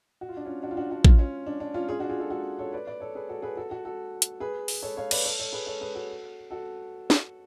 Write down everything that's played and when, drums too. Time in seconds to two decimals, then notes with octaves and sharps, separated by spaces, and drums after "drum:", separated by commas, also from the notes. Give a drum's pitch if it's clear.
0.21 F#4
0.29 F4
0.37 D4
0.45 C#4 F4
0.63 D4 F#4
0.71 F4
0.77 D4 F#4
0.91 D4 F#4
1.05 C#4 F4, drum: kick A1
1.19 C#4 F4
1.46 D4
1.60 D4
1.74 C#4 F4
1.89 F4 G#4
1.99 D4 F#4
2.09 F4 G#4
2.20 F#4 A4
2.30 F#4 A4
2.59 A4 C#5
2.72 B4 D5
2.87 B4 D5
3.00 A4 C#5
3.15 G#4 B4
3.29 F#4 A4
3.42 G#4 B4
3.57 F#4 A4
3.71 F#4 A4
3.85 F#4 A4
4.22 drum: hi-hat
4.40 G#4 B4
4.68 drum: open hi-hat
4.82 A4 C#5
4.97 C#5 F5
5.11 B4 D5, drum: cymbal
5.25 A4 C#5
5.39 A4 C#5
5.52 G#4 B4
5.67 A4 C#5
5.81 G#4 B4
5.95 F#4 A4
6.51 F#4 A4
7.10 drum: snare